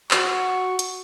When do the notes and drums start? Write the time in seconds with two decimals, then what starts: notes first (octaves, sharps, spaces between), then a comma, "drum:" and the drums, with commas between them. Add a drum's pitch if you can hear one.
0.11 F#4 C#6, drum: clap
0.79 drum: hi-hat